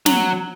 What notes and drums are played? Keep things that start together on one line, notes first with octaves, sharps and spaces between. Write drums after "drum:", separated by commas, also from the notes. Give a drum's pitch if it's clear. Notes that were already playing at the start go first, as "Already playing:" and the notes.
F#3, drum: snare